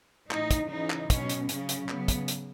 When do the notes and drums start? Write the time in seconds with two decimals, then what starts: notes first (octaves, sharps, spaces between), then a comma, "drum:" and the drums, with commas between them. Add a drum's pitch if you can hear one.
0.31 A2 E3 D#4, drum: clap
0.51 drum: kick, hi-hat
0.70 C#3 E3 D#4
0.90 drum: clap
1.10 B2 F#3 C#4, drum: kick, hi-hat
1.29 drum: hi-hat
1.49 C#3 F#3 C#4, drum: hi-hat
1.69 drum: hi-hat
1.89 C#3 F#3 B3, drum: clap
2.08 drum: kick, hi-hat
2.28 drum: hi-hat